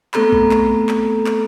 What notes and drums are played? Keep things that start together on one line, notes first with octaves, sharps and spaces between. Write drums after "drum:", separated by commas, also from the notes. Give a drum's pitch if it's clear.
A3 B3 C4 A4 A#5 B5, drum: clap
drum: kick A#1
drum: clap
drum: clap
drum: clap